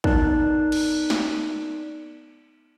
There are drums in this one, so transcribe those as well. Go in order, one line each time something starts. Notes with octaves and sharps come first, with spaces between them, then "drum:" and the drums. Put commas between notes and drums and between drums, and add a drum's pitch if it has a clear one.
B3 D#4 A#4 D5 A5 F#6, drum: kick
drum: cymbal
drum: snare